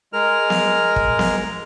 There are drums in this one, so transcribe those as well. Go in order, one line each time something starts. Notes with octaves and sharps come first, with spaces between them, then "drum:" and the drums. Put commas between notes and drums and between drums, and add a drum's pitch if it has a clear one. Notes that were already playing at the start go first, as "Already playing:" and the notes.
G#3 A#4 F6
drum: snare B3
drum: kick
drum: snare B3